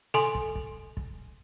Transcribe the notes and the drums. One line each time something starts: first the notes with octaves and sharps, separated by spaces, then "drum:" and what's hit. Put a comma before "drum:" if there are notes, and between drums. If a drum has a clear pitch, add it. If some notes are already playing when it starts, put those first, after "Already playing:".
A4 G#5 C6, drum: snare
drum: kick
drum: kick
drum: kick